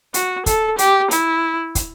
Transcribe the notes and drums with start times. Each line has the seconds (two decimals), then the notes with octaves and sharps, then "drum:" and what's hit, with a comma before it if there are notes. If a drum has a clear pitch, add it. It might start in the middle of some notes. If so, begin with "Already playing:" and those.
0.14 F#4, drum: hi-hat
0.46 A4, drum: kick, hi-hat
0.78 G4, drum: hi-hat
1.11 E4, drum: hi-hat
1.75 drum: kick, hi-hat